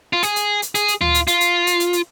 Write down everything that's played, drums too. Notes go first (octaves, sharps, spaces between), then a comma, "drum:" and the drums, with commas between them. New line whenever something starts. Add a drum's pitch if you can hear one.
F4
G#4, drum: hi-hat
drum: hi-hat
drum: hi-hat
G#4, drum: hi-hat
drum: hi-hat
F4, drum: tom D2
drum: hi-hat
F4, drum: hi-hat
drum: hi-hat
drum: hi-hat
drum: hi-hat
drum: hi-hat